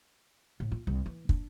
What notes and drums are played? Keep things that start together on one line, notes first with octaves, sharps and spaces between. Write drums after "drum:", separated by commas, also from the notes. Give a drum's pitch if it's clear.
A2
F4
C2
E3
D4, drum: kick